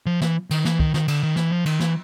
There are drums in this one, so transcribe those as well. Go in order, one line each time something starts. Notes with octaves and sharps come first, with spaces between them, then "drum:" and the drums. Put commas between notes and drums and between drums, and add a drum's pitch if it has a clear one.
F3
E3, drum: snare
D#3, drum: cymbal
E3, drum: snare
D#3, drum: kick
D#3, drum: snare
D3, drum: cymbal
D#3
E3, drum: snare
F3
D#3, drum: cymbal
E3, drum: snare